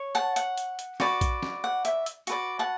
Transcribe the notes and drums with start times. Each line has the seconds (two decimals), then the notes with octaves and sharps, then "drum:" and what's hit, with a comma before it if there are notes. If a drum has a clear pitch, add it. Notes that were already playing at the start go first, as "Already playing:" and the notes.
Already playing: C#5
0.15 F#5 A5
0.36 F#5, drum: hi-hat
0.57 drum: hi-hat
0.79 drum: hi-hat
1.00 F#4 B4 D5, drum: snare
1.21 drum: kick A#1, hi-hat
1.43 drum: snare
1.64 F#5
1.85 E5, drum: hi-hat
2.06 drum: hi-hat
2.27 F#4 B4 D5, drum: hi-hat
2.59 F#5 A5